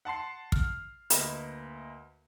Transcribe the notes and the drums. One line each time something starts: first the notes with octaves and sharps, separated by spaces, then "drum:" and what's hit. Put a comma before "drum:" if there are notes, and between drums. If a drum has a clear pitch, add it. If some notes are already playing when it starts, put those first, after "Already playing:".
F#5 A5 C6 C7
F6, drum: kick
D2 A#3 B4 D#5 B5, drum: hi-hat